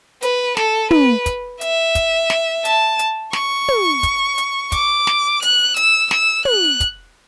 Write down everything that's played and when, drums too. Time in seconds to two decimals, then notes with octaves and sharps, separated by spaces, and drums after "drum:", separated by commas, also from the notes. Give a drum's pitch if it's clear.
0.22 B4, drum: hi-hat
0.57 A4, drum: snare
0.91 B4, drum: tom
1.26 drum: kick, hi-hat
1.61 E5, drum: hi-hat
1.95 drum: kick, hi-hat
2.30 drum: snare
2.65 A5, drum: hi-hat
2.99 drum: hi-hat
3.33 C#6, drum: snare
3.68 drum: tom
4.03 drum: kick, hi-hat
4.38 drum: hi-hat
4.72 D6, drum: kick, hi-hat
5.07 drum: snare
5.42 F#6, drum: hi-hat
5.76 E6, drum: hi-hat
6.11 E6, drum: snare
6.45 F#6, drum: tom
6.80 drum: kick, hi-hat